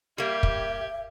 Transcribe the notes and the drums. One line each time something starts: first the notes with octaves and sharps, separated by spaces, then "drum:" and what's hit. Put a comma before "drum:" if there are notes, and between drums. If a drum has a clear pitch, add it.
G3 A#3 G4 E5 G#6
drum: kick